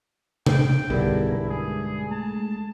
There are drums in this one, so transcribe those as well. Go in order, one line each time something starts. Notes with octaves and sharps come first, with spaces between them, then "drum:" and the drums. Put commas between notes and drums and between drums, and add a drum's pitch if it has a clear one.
G5, drum: tom C3
B1 G2 D3 B3 E4 G#4 A#4
G#3 G#4
G#3 A3 A5